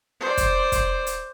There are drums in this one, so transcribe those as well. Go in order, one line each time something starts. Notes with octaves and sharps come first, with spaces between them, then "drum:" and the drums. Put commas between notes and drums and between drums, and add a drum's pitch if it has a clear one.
C5 D5
drum: kick, hi-hat
drum: kick, hi-hat
drum: hi-hat